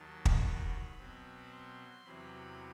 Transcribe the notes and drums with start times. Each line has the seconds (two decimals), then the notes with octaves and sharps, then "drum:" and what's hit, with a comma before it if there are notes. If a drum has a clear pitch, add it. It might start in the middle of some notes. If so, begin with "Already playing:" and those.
Already playing: D#2 D#3 F#3 A5
0.25 drum: kick
0.45 B5
0.98 B2 F#3 C4
1.52 C6
2.05 E2 C3 F#3 B5